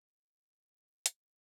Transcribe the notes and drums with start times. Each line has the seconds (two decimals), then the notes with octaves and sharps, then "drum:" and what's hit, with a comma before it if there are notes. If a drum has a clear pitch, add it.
0.09 B2 A3 C#4 E4 G4
0.31 B3
0.52 C#4
0.74 B3
1.06 G3, drum: hi-hat